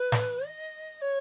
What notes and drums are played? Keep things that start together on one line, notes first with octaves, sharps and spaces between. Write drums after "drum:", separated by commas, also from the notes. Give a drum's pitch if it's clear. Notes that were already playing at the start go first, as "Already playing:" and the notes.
Already playing: B4
drum: snare
D#5
C#5